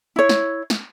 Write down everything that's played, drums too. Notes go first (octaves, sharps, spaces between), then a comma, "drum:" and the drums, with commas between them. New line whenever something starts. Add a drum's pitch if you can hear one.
E4 C#5
drum: snare
drum: snare